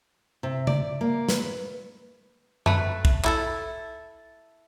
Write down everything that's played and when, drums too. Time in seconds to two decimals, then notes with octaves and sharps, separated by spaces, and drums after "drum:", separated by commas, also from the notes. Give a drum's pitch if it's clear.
0.43 C3
0.67 D5, drum: tom C#3
1.01 A#3
1.29 B4, drum: snare
2.66 A3 B4, drum: tom F#2
3.05 drum: kick
3.24 E4 A4, drum: clap